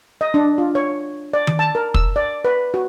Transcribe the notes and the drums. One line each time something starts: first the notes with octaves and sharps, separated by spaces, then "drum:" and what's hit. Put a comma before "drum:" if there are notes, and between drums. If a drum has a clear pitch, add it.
D#5
D4
F4
C#5
D5
drum: tom D#3
A5
A#4
E6, drum: kick
D5
B4
F#4